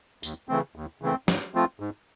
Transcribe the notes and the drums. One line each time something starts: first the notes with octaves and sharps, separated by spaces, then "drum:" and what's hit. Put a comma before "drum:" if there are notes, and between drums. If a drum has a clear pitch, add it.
D#2, drum: tambourine
C#3 E3 A3 C4
D#2
C#3 E3 A3 C4
G#2, drum: snare
F3 A3 C4 F4
G#2